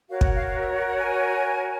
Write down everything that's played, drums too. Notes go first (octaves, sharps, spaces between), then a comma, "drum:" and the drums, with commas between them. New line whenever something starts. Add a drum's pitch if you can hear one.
F#4 A#4 C#5 F5
F#5, drum: kick
F5
F5
E5
F#5
F#5
G#5